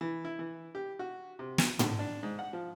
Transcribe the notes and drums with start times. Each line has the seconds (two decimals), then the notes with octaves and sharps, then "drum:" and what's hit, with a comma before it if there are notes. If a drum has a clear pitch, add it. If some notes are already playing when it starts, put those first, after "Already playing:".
0.01 E3
0.25 E4
0.39 E3
0.75 G4
0.99 F#4
1.39 C3
1.58 drum: snare
1.79 D3, drum: tom
1.99 D4
2.23 G#2
2.39 F#5
2.53 F3